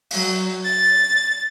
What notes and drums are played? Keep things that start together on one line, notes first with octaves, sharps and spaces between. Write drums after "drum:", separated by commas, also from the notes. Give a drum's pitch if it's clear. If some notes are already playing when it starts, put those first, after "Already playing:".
F#3, drum: open hi-hat
A6